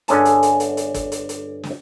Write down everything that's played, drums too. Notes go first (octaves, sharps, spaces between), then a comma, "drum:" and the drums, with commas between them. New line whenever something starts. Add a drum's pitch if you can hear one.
G1 D3 C#4 G#4 A5, drum: hi-hat
drum: hi-hat
drum: hi-hat
drum: hi-hat
drum: hi-hat
drum: kick G1, hi-hat
drum: hi-hat
drum: hi-hat
drum: snare